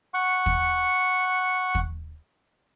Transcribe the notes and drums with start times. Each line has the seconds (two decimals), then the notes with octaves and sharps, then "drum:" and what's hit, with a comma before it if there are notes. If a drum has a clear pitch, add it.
0.14 F#5 C#6
0.46 drum: kick
1.75 drum: kick